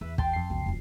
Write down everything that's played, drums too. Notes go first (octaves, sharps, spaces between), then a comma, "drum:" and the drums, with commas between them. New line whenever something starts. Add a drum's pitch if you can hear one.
E2 B4 E5
G5 A5 C6, drum: kick
F2 C7
B1 C#3
D#1 F#2